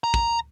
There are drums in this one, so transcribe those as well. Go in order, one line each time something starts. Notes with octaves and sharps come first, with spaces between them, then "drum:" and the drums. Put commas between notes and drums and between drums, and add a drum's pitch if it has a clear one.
A#5
drum: kick